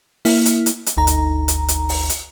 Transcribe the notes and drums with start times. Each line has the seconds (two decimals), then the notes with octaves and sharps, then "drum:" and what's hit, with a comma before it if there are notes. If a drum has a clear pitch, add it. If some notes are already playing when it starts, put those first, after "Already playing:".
0.25 A#3 E4, drum: open hi-hat
0.45 drum: hi-hat
0.66 drum: hi-hat
0.86 drum: hi-hat
0.97 G1 D2 D#4 A#5
1.07 drum: hi-hat
1.48 drum: hi-hat
1.68 drum: hi-hat
1.89 drum: open hi-hat
2.09 drum: hi-hat